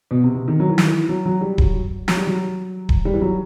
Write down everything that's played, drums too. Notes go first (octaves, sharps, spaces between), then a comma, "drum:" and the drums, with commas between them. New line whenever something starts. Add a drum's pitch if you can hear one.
B2
C3
C3
D#3
F#3
E3
D#3, drum: snare
E3
F#3
F#3
G3
F#3, drum: kick D#1
F#3, drum: snare
G3
F#3
drum: kick D#1
G3
E3
F#3